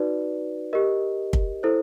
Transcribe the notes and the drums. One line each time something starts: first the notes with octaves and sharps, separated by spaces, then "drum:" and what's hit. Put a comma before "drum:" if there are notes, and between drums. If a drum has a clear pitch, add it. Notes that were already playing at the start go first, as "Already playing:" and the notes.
Already playing: D#4 F#4 B4 D5
G4 A#4 D#5
drum: kick
E4 A4 C5